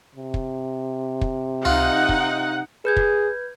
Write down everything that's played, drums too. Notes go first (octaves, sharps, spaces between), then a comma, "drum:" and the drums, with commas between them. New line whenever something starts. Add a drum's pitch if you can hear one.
C3
drum: kick
drum: kick
D#4 F4 F#5, drum: tom C#2
drum: kick
G#4 B4 G6 G#6
drum: kick